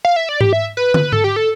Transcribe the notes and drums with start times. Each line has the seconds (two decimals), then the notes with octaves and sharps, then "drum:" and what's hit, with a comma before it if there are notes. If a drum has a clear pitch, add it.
0.05 F5
0.16 E5
0.29 D5
0.41 G4, drum: tom G#2
0.53 E5
0.77 B4
0.94 drum: tom
1.12 A4, drum: tom G#2
1.24 G4
1.36 A4